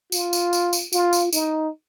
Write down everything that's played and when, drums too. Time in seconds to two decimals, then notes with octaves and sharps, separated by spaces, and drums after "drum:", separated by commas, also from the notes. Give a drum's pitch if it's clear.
0.12 F4, drum: tambourine
0.33 drum: tambourine
0.53 drum: tambourine
0.73 drum: tambourine
0.93 F4, drum: tambourine
1.13 drum: tambourine
1.33 D#4, drum: tambourine